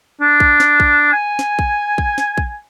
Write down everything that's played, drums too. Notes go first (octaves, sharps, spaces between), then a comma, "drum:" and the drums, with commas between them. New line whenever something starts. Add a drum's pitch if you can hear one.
D4
drum: kick
drum: snare
drum: kick
G#5
drum: snare
drum: kick
drum: kick
drum: snare
drum: kick